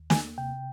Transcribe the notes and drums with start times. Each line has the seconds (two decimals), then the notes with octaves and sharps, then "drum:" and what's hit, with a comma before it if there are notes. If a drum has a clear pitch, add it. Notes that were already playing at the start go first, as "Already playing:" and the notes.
Already playing: D#2
0.10 A#3 G#5, drum: snare
0.38 C3 G5